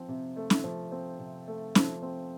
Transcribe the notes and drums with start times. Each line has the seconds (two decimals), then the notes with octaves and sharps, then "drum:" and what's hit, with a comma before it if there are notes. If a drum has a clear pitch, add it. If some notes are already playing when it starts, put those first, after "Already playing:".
Already playing: F3 C4
0.09 C3
0.36 A3
0.50 drum: snare C#4
0.64 F3
0.92 C4
1.19 C3
1.47 A3
1.75 F3, drum: snare C#4
2.02 C4